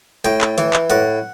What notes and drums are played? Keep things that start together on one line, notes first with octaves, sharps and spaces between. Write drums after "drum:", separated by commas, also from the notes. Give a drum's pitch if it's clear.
A2 G5, drum: hi-hat
drum: clap
E3, drum: hi-hat
drum: clap
A2 F#5, drum: hi-hat